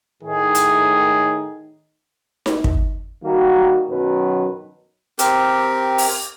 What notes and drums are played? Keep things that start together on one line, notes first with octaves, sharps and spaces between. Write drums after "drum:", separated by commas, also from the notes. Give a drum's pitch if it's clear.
A2 D#3 G#4
drum: hi-hat
drum: snare D#4
drum: kick
D#3 G3 A#3 F#4
F#2 B2 D#3 F#3 B4
C4 G4 A#4, drum: hi-hat
drum: open hi-hat